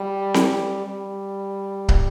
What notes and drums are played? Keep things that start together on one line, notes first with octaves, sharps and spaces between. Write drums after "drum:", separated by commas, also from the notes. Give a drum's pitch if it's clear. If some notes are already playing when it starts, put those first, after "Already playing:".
Already playing: G3
drum: snare C4
G3
drum: kick